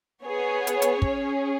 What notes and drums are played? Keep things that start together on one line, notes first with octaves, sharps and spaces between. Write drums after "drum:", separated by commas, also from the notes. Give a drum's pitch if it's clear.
B3 G#4 C#5
drum: hi-hat
drum: hi-hat
C#4 G#4, drum: kick